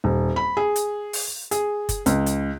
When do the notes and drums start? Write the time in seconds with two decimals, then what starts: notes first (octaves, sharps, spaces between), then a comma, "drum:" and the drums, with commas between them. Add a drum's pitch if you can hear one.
0.04 D#1
0.36 B5
0.57 G#4
0.76 drum: hi-hat
1.13 drum: open hi-hat
1.51 G#4, drum: hi-hat
1.89 drum: kick F#1, hi-hat
2.06 C#2, drum: hi-hat
2.26 drum: hi-hat